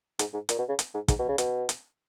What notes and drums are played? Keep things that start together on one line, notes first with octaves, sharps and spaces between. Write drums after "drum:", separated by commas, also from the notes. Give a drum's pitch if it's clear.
G#2, drum: hi-hat
G#2
A#2, drum: hi-hat
B2
C#3
drum: hi-hat
G#2
G#2, drum: kick, hi-hat
B2
C#3
B2, drum: hi-hat
drum: hi-hat